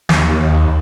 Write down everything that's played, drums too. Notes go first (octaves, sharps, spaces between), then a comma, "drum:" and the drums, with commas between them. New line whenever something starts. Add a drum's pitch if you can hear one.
D#2, drum: snare